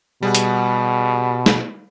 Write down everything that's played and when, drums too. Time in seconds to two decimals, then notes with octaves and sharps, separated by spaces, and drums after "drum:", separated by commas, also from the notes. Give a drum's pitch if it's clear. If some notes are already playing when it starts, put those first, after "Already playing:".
0.23 B2 G3 G#4 F#5
0.35 drum: hi-hat
1.46 drum: snare